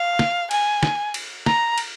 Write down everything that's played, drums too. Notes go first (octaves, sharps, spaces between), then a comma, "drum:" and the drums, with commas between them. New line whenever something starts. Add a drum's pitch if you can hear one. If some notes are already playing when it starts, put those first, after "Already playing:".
Already playing: F5
drum: snare
G#5, drum: cymbal
drum: snare
drum: cymbal
A#5, drum: snare
drum: cymbal